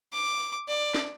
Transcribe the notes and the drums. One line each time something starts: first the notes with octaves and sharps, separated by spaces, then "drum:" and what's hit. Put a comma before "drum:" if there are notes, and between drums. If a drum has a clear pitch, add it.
D6
D5
drum: snare